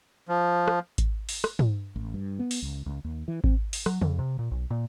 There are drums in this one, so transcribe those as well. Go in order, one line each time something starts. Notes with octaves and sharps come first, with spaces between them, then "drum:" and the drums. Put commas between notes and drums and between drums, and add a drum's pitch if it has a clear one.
F3
drum: rim click
drum: kick G#1, hi-hat
drum: open hi-hat
drum: rim click
drum: tom
A1
G2
B3
drum: open hi-hat
C#2
C#2
D#2
E3
C4, drum: kick G#1
drum: open hi-hat
F#3, drum: rim click
F2, drum: tom
C3
A#2
B1
A#2